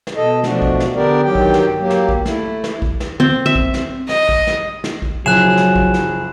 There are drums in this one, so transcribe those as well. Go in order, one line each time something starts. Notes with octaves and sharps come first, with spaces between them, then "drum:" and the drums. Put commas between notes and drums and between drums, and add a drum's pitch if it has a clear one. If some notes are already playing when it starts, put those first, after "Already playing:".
drum: snare
B2 A4 D#5
B2 F3 A3 D4 F#4, drum: snare
drum: kick
drum: snare
D3 B3 D4 G4 A#4 D5
G2 D#3 F#3 G4 G5
drum: kick
drum: snare
F#3 A#3 G4
drum: snare
drum: kick
A3 E4, drum: snare
drum: snare
drum: kick
drum: snare
C4
E5
drum: kick
drum: snare
D#5, drum: snare
drum: kick
drum: snare
drum: snare
drum: kick
F#1 F3 F#3 G#4 F#6 E7
drum: snare
drum: kick
drum: snare